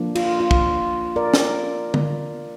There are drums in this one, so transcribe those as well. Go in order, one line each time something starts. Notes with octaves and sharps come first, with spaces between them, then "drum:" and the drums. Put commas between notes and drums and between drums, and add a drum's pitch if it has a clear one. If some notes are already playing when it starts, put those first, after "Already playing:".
Already playing: F3 A#3 D4
F4, drum: cymbal
F4
drum: kick
A#4 D5
drum: snare
drum: tom